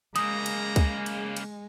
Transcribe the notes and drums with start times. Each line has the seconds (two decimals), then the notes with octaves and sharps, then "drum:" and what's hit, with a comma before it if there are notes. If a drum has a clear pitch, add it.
0.16 C#3 G#3 A#3 A#5 D#6, drum: cymbal
0.46 drum: cymbal
0.76 drum: kick C#2, cymbal
1.06 drum: cymbal
1.37 drum: cymbal